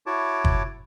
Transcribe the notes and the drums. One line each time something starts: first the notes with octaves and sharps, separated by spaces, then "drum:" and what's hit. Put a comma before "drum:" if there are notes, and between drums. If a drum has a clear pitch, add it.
E4 F#4 C#5 A5 D6
drum: kick